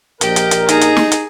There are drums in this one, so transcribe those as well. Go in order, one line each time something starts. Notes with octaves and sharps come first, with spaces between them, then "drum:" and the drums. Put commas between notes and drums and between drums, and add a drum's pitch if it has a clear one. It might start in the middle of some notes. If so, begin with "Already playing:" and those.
A#1 G4 A#4 D#5, drum: hi-hat
drum: hi-hat
drum: hi-hat
D#4 G#4 A#5, drum: hi-hat
drum: hi-hat
drum: snare
drum: hi-hat